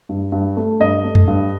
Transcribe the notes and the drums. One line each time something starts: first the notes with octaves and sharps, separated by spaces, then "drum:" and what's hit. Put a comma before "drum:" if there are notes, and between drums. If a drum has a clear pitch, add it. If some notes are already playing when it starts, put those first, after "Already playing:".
G2
G2
A3
G2 D#5
A3
drum: tom F2
G2